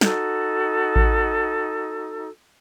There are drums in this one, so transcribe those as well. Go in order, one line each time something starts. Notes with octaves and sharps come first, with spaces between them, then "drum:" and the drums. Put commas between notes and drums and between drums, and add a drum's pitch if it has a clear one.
D#4 F#4 A4, drum: snare
drum: kick A1